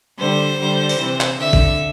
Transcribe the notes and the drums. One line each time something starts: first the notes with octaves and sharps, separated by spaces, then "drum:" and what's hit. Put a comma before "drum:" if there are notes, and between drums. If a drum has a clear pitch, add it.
D3 G3 C5
D3 G3
drum: open hi-hat
C3 E3
drum: clap
D3 E5
drum: kick